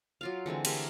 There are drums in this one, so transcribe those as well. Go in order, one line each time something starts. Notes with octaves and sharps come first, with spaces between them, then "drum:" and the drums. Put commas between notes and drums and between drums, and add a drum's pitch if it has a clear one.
F#3 F4 F5
D3 E3 G#3 C4
A3 G4 G#4 A#4, drum: cymbal